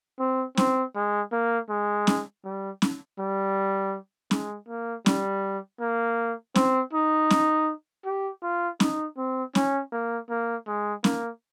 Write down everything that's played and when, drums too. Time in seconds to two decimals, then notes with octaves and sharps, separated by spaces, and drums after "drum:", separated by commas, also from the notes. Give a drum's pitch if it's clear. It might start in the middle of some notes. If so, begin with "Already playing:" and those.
0.20 C4
0.57 C4, drum: snare C#4
0.95 G#3
1.32 A#3
1.69 G#3
2.07 drum: snare C#4
2.44 G3
2.82 drum: snare C#4
3.19 G3
4.31 G#3, drum: snare C#4
4.69 A#3
5.06 G3, drum: snare C#4
5.81 A#3
6.55 C4, drum: snare C#4
6.93 D#4
7.30 drum: snare C#4
8.05 G4
8.43 F4
8.80 D#4, drum: snare C#4
9.18 C4
9.55 C#4, drum: snare C#4
9.92 A#3
10.30 A#3
10.67 G#3
11.04 A#3, drum: snare C#4